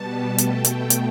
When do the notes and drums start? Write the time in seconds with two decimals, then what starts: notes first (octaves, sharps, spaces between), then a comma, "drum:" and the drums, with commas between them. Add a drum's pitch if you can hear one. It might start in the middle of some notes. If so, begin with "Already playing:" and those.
Already playing: B2 G3 B3 A5
0.38 B2 A3 G5, drum: hi-hat
0.65 drum: hi-hat
0.90 drum: hi-hat